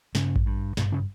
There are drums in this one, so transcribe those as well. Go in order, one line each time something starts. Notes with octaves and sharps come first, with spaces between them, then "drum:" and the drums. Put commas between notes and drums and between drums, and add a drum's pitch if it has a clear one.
G2 C#3 C#4, drum: snare
drum: kick A1
G2
G2 B2 B3, drum: snare
C#3 C#4